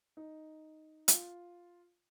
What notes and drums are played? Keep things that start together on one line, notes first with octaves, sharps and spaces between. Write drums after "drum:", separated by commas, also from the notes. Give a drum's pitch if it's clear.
D#4
F4, drum: hi-hat